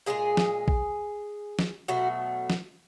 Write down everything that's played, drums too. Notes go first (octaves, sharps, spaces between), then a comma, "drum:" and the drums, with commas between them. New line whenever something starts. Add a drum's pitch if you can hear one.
A#2 F3 G#3 G#4
drum: snare
drum: kick A#1
drum: snare
B2 F#3 A3 F#4
drum: snare